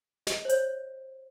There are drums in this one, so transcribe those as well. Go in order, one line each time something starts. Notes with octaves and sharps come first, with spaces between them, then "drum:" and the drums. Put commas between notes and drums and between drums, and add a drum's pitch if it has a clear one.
D#5, drum: snare
C5
C#5, drum: hi-hat